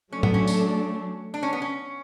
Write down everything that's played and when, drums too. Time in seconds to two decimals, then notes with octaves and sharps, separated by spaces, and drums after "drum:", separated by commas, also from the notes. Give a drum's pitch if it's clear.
0.12 F#3 A3 C#4 D4
0.23 B3, drum: tom A2
0.34 C#4
0.47 drum: tambourine
1.34 D4
1.43 C#4
1.53 B3
1.62 C#4